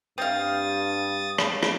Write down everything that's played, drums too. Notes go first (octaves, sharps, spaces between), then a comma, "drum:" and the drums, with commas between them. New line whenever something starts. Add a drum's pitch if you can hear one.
G2 C4 F5 D#6 A6
drum: rim click
drum: rim click